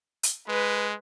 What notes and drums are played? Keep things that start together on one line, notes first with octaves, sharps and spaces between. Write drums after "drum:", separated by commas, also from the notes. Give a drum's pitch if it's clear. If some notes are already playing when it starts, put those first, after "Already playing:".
drum: hi-hat
G#3 B4